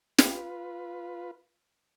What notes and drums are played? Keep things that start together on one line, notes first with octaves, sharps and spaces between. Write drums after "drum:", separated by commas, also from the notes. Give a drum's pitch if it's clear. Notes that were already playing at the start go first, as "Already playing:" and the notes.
F4 B4, drum: snare